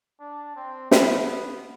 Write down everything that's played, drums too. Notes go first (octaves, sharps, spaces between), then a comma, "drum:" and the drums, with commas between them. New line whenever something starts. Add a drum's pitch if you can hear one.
D4
C4
B3, drum: snare